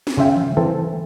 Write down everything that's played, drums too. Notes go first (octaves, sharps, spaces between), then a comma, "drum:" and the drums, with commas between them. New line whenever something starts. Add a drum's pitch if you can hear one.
drum: snare
C#3 F4 E5 G5
drum: tom D#3
E3 C4 A4